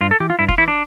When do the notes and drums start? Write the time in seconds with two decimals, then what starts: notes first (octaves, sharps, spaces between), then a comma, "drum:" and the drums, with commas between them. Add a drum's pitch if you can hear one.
0.01 G2 F4
0.11 A4
0.20 E3 G4
0.30 F4
0.39 G2 E4
0.49 F4, drum: kick F#1
0.58 E3 E4
0.68 D4